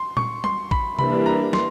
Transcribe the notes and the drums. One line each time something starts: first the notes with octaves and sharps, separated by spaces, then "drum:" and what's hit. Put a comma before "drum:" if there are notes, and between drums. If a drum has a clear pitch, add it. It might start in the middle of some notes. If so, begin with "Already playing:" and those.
Already playing: C6
C#6, drum: tom A#2
C6, drum: tom G3
B5, drum: kick A1
E3 G3 A#3 D4 B5, drum: tom C3
A#5
C6, drum: snare